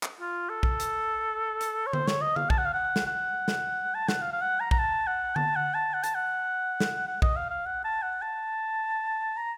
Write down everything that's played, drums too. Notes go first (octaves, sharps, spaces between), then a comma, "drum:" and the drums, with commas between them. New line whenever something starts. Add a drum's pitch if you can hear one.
drum: clap
F4
A4
drum: kick
drum: hi-hat
drum: hi-hat
C#5
C5, drum: tom D3
C#5, drum: snare
D#5
F5, drum: tom D3
A5, drum: kick
F#5
F5
F#5
drum: snare
F#5
drum: snare
A5
F#5, drum: snare
F5
F5
F#5
A#5
A#5, drum: kick
A5
F#5
A5, drum: tom D3
F#5
A5
F#5
A5, drum: hi-hat
F#5
drum: snare
F#5
D#5, drum: kick
F5
F5
F#5
A5
F#5
A5
A#5